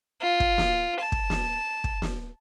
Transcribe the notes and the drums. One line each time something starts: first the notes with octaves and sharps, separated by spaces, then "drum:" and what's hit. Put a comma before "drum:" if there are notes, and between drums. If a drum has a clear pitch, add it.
F4
drum: kick
drum: snare
A5
drum: kick
drum: snare
drum: kick
drum: snare